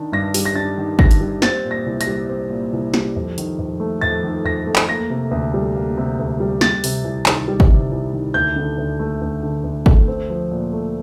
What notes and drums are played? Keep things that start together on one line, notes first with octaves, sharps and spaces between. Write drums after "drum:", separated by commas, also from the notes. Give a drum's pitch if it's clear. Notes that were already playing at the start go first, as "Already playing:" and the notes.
Already playing: D#3 D4
G2 A#6
G3, drum: open hi-hat
A#6
D4 A6
D#3
G2 A#6, drum: kick
drum: hi-hat
G3
C4 A6, drum: snare
A#2
A#6
C2
A#6, drum: hi-hat
G3
C4
A#2
C2
G3, drum: snare
F2
D#3, drum: hi-hat
F2
A3
F2 A6
D#3
F2 A#6
A3
drum: clap
A#3 A#6
C3
D2
G3
A#3
C3
D2
G3
G3 A6, drum: snare
C3, drum: open hi-hat
C2
D#3, drum: clap
G3
drum: kick
C3
C2
D#3
D2 G6
D3
D2
A3
D2
D3
D2
A3, drum: kick
C4
F3
A#2
A3